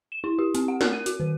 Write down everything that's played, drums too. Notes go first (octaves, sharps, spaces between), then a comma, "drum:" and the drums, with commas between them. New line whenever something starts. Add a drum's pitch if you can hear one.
E7
E4
G4
C4, drum: hi-hat
F#5
A#4, drum: snare
D#7
F#4, drum: hi-hat
D#3